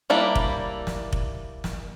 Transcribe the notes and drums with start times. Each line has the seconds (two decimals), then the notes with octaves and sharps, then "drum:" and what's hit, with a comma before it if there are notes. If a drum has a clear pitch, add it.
0.10 G3 A#3 D4 E4
0.35 drum: kick F1
0.87 drum: snare
1.13 drum: kick F1
1.64 drum: snare